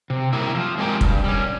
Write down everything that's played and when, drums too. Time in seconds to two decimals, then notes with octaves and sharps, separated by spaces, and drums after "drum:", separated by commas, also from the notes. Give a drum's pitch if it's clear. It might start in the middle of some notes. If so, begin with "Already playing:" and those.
0.10 C3
0.33 G3 A#3 E4
0.55 F3
0.78 G#3 C4 G4 A#4
1.01 G2, drum: kick
1.24 G3 C#4